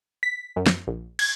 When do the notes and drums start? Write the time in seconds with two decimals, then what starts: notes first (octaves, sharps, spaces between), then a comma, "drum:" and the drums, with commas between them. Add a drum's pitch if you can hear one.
0.23 B6
0.56 F#2
0.67 drum: snare
0.87 A#1
1.19 G#6, drum: cymbal